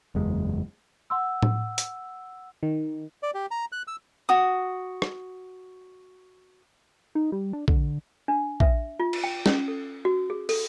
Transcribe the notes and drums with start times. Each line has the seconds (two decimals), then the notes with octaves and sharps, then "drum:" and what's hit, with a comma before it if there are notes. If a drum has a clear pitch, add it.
0.15 F#1 E2 G#3
1.10 F#5 C6 E6
1.43 drum: tom A2
1.78 drum: hi-hat
2.63 D#3
3.23 D5
3.34 G4
3.51 A#5
3.72 F#6
3.87 E6
4.29 F#4 D#6
5.02 drum: rim click
7.15 D#4
7.32 G3
7.53 D4
7.68 D3, drum: kick
8.28 D4
8.60 E5, drum: kick
8.99 F4
9.13 drum: cymbal
9.24 G5
9.46 C#4, drum: snare
9.68 A4
10.05 F#4
10.30 G#4
10.49 A4, drum: open hi-hat